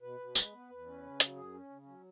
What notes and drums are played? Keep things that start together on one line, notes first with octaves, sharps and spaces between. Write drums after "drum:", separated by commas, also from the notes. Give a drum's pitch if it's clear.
B2 B4
B2
G#3, drum: tambourine
B3
E2
C#4
C#3
F#3, drum: hi-hat
F#2 G#4
C#4
C#3
F#3 C#4